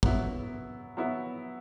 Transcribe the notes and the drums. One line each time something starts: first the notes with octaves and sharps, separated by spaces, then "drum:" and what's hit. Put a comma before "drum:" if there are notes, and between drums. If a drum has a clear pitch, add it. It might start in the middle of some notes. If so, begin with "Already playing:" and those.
F#3 B3 E4, drum: kick
F#3 B3 E4